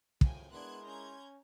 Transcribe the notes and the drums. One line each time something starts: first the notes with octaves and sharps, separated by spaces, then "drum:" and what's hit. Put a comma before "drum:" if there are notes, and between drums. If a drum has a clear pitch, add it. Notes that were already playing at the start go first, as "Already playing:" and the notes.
F#2 A2 C#3 F3 G5 G#5, drum: kick
G#3 B3 D4 E4 A#4 C6 F#6 G#6
C#4 A#5 G6 G#6